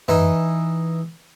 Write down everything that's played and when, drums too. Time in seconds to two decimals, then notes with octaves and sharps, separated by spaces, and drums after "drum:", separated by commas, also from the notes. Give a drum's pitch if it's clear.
0.08 E3 D#4, drum: tom F#2